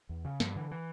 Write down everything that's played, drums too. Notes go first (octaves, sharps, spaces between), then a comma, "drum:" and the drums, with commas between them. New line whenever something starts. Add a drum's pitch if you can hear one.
E2
C#3
G2 F3, drum: snare
D3 E3
E3